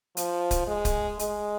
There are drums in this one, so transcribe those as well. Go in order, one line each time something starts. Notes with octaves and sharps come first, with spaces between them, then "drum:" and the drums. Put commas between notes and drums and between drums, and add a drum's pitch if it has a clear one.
F3, drum: hi-hat
drum: kick C#1, hi-hat
G#3
drum: kick C#1, hi-hat
G#3, drum: hi-hat